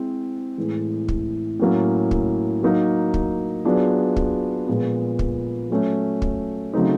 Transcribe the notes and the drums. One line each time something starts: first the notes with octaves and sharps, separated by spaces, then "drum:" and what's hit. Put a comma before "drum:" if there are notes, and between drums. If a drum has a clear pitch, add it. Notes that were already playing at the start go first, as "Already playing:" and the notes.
Already playing: G#3 C4 E4
A2 E3 G#3
drum: kick
A2 F#3 A#3 C#4
drum: kick
F#3 A#3 D#4
drum: kick
F#3 B3 D4 F4 G#4
drum: kick
A#2 F3 G#3 B3
drum: kick
F#3 A3 C#4
drum: kick
C#3 F#3 A3 C4 D#4